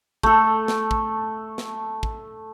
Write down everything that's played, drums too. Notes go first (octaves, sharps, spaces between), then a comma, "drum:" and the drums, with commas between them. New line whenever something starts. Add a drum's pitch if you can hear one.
A3 A4, drum: kick
drum: snare
drum: kick
drum: snare
drum: kick